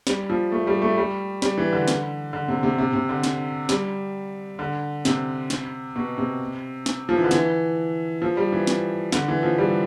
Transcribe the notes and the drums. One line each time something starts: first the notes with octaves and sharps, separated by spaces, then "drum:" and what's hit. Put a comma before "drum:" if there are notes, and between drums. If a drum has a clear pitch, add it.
G3, drum: snare
F3
A3
G3
A3
G3
G3, drum: snare
E3
D3
drum: snare
D3
C3
C3
C3
C3
D3
drum: snare
G3, drum: snare
D3
C3, drum: snare
drum: snare
B2
C3
drum: snare
F3
E3
D3
E3, drum: snare
F3
G3
E3
drum: snare
D3, drum: snare
E3
F3
G3